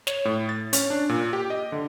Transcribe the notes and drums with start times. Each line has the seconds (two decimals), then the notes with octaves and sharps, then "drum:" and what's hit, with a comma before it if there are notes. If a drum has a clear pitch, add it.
0.07 C#5, drum: snare
0.25 A2
0.49 A6
0.73 C#4, drum: hi-hat
0.90 D4
1.09 A#2
1.33 G4
1.50 D#5
1.72 D3